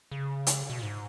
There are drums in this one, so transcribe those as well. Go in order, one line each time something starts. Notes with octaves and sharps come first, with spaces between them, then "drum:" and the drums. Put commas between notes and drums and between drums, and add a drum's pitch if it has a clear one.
C#3
drum: hi-hat
B2
A#2
G#2